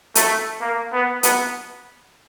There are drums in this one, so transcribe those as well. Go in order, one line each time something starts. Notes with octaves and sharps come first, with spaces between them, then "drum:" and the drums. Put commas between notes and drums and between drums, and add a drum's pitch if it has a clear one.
A3, drum: hi-hat
A#3
B3
B3, drum: hi-hat